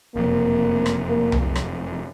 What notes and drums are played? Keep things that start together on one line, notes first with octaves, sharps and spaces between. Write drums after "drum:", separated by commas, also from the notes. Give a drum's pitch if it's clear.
F#1 F2 C3 A#3
drum: rim click
A#3
drum: tom C2
drum: rim click